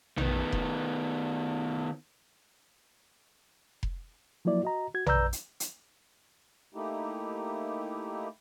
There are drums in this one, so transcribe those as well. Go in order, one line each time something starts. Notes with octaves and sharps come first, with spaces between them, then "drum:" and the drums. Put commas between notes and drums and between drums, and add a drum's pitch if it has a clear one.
D#3 B3, drum: tom A#1
drum: kick F1
drum: kick F1
F3 F#3 A#3 E4 D5
F#4 D#5 A#5
F#4 G#6
B4 D5 A#5 E6 G6, drum: tom A#1
drum: hi-hat
drum: hi-hat
A3 A#3 D#4 E4 G4